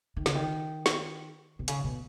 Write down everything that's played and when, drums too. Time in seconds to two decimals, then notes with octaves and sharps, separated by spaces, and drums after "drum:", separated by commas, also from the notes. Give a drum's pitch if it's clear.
0.17 D#3
0.26 C#3, drum: snare
0.35 D#3
0.86 drum: snare
1.59 B2
1.68 C#3, drum: hi-hat
1.84 B2